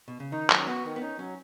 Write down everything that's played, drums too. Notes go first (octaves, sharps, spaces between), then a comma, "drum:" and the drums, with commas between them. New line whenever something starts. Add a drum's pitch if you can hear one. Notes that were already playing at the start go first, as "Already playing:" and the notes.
B2
C#3
D#3 D#4
F#3, drum: clap
C#4
B3 F#4
D#3
B3
C#4 D#4
F#3 C#4